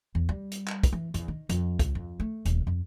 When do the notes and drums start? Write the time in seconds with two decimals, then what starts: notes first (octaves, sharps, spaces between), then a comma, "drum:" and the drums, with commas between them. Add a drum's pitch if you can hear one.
0.15 E2
0.29 G3
0.51 drum: hi-hat
0.67 drum: clap
0.83 drum: kick, hi-hat
0.93 E3
1.14 E2, drum: hi-hat
1.28 D#3
1.49 F2, drum: hi-hat
1.79 C#2, drum: kick, hi-hat
1.95 F2
2.20 A3
2.45 D#1, drum: hi-hat
2.67 F2